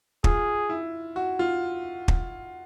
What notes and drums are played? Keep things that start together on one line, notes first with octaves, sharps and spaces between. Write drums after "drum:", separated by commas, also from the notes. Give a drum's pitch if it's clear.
F4 G#4, drum: kick
E4
F#4
F4
drum: kick